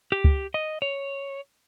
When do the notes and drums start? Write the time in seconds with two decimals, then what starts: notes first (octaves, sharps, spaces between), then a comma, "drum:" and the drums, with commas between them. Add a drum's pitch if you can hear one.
0.12 G4
0.24 drum: kick
0.54 D#5
0.82 C#5